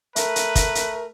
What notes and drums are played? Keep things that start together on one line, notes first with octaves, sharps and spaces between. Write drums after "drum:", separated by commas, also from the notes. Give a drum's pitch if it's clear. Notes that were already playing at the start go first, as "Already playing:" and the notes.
A3 A#4 B4, drum: hi-hat
drum: hi-hat
drum: kick, hi-hat
drum: hi-hat